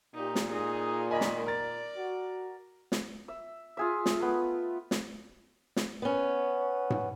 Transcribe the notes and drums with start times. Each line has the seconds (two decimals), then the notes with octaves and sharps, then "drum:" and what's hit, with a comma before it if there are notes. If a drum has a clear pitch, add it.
0.15 A#2 D#4 G4
0.35 drum: snare
0.48 D#4 G#4
1.11 D#3 D#5 G#5 B5
1.21 drum: snare
1.47 A#4 D5 A6
1.96 F#4
2.92 drum: snare
3.28 E5
3.77 F4 G#4 E5
4.06 drum: snare
4.20 A3 B3
4.91 drum: snare
5.76 drum: snare
6.02 B3 C#4
6.90 drum: tom G#2